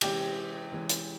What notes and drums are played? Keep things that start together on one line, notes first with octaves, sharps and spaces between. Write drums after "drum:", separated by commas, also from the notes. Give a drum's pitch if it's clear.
C3 E3 G#3 C#4 G4, drum: cymbal
C3 E3 G#3 C#4
drum: hi-hat